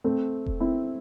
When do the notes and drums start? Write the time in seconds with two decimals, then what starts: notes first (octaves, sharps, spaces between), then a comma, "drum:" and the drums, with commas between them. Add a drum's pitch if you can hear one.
0.04 A3 C4
0.46 drum: kick E1
0.60 C4 E4